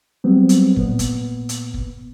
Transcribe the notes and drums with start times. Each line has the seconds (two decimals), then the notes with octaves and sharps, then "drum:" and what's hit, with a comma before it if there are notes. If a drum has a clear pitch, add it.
0.24 F#3 G3 B3 C4
0.49 drum: hi-hat
0.76 A#2 B3, drum: kick
0.99 drum: kick, hi-hat
1.49 drum: hi-hat
1.74 drum: kick